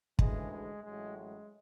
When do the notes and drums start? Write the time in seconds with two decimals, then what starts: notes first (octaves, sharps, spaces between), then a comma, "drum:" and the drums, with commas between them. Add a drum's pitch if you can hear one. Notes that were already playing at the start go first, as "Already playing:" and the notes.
0.19 D2 C#3 E3 G#3, drum: kick
0.51 G#3
0.83 A1 A2 F#3 G#3
1.16 G#3